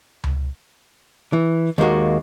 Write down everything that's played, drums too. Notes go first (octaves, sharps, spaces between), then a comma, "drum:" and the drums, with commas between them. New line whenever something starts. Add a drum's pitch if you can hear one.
drum: tom C#2
E3
D#2 G#3 A#3 F#4